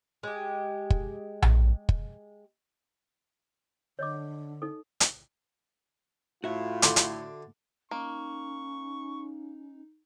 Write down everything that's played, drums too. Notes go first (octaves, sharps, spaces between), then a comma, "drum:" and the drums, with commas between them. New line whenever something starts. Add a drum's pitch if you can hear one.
G#3 G4
drum: kick
drum: tom A#1
drum: kick
D3 C#5 D#5 D6
D#4 A4
drum: hi-hat
A2 F4 F#4 E5
D3 C6 D6, drum: hi-hat
drum: hi-hat
A#3 C#4 D#4 C#6